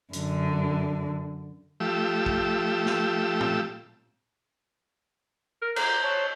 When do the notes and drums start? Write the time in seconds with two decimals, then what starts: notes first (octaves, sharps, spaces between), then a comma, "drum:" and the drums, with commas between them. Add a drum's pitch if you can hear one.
0.13 F#2 D3, drum: hi-hat
1.80 F3 A3 G4 E6
2.26 drum: kick
2.86 drum: snare
3.40 drum: tom
5.62 A#4
5.76 C5 A#5, drum: cymbal
6.03 C#5 A5